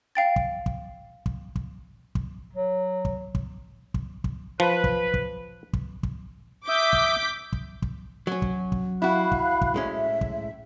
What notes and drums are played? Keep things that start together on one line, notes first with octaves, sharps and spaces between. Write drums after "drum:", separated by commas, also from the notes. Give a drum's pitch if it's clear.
F5 G5 A6
drum: kick
drum: kick
drum: kick
drum: kick
drum: kick
F#3
drum: kick
drum: kick
drum: kick
drum: kick
F3 B4
drum: kick
drum: kick
drum: kick
drum: kick
E5 D6 D#6 G6 B6
drum: kick
drum: kick
drum: kick
F#3 C#4
drum: kick
drum: kick
E4 F#4 F5 B5 F#6
drum: kick
drum: kick
A2 G#3 C#4 E5
drum: kick